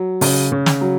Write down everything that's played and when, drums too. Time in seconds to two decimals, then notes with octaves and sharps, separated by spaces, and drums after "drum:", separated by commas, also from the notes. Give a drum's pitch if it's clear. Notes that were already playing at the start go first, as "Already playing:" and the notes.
Already playing: F#3
0.21 C#3, drum: open hi-hat
0.52 C#3
0.66 drum: snare
0.81 F#3